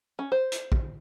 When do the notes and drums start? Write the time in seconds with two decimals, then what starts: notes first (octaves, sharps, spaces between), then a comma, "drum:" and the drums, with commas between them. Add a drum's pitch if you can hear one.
0.19 C#4
0.32 C5
0.52 drum: hi-hat
0.72 drum: kick